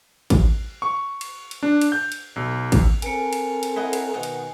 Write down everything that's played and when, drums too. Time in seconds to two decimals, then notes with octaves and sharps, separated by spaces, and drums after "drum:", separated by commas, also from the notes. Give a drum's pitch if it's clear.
0.30 drum: kick, cymbal
0.82 C#6
1.21 drum: cymbal
1.51 drum: cymbal
1.63 D4
1.81 drum: cymbal
1.92 G6
2.12 drum: cymbal
2.36 B1
2.72 drum: kick, cymbal
3.02 C4 A4 A#4 G#5 C#7, drum: cymbal
3.33 drum: cymbal
3.63 drum: cymbal
3.76 E4 D#5 F#5
3.93 drum: cymbal
4.14 B2 D#3 D#4 F#5 D#6
4.23 drum: cymbal